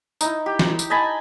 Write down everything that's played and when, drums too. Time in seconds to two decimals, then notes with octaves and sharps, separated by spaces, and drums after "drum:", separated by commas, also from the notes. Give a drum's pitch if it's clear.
0.21 D#4 E4, drum: tambourine
0.46 G4
0.59 drum: snare
0.79 drum: tambourine
0.90 D#5 G#5 A5 B5